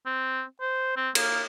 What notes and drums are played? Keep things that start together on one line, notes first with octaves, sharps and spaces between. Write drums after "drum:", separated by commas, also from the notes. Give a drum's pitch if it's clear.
C4
C5
C4
A#3, drum: cymbal